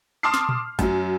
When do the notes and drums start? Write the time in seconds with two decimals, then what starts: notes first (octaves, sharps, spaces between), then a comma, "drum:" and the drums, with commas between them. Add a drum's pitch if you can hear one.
0.23 A5 C6 D6 D#6 F6 C7
0.34 drum: snare
0.49 drum: tom A#2
0.79 F#2 F#3, drum: kick, hi-hat